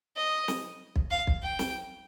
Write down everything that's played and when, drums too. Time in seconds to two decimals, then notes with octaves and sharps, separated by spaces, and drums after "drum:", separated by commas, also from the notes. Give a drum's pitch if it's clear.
0.17 D#5
0.48 drum: snare
0.96 drum: kick
1.11 F5
1.27 drum: kick
1.43 G5
1.59 drum: snare